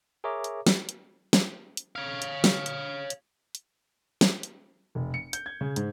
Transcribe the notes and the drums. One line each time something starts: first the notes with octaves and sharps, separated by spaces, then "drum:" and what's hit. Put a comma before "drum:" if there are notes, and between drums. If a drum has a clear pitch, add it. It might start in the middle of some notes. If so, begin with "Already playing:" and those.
G#4 A#4 C#5 E5 A#5 D6
drum: hi-hat
drum: snare
drum: hi-hat
drum: snare
drum: hi-hat
C#5 F5
drum: hi-hat
drum: snare
drum: hi-hat
drum: hi-hat
drum: hi-hat
drum: snare
drum: hi-hat
F1
C#7
G6, drum: hi-hat
G#6
C#3
G#2, drum: hi-hat